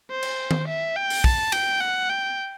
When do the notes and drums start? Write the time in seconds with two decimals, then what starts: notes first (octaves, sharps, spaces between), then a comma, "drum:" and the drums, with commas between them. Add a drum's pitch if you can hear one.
0.11 C5
0.23 drum: cymbal
0.51 drum: tom D#3
0.68 E5
0.96 G5
1.10 drum: open hi-hat
1.24 A5, drum: kick
1.52 G5, drum: cymbal
1.80 F#5
2.09 G5